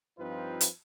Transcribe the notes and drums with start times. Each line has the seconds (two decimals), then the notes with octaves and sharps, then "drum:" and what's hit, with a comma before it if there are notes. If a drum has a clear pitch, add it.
0.19 G2 F3 C4 D#4 F4 B4
0.61 drum: hi-hat